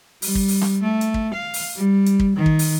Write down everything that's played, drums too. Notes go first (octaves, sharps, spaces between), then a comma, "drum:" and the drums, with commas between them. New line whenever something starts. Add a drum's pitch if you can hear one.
G3, drum: open hi-hat
drum: kick
drum: open hi-hat
drum: snare
A3
drum: hi-hat
drum: kick
F5
drum: open hi-hat
G3
drum: hi-hat
drum: kick
D#3
drum: kick
drum: open hi-hat